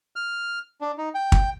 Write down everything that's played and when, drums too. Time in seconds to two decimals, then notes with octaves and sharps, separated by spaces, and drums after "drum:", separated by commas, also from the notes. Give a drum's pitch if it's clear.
0.16 F6
0.81 D4
0.98 D#4
1.15 G5
1.32 drum: kick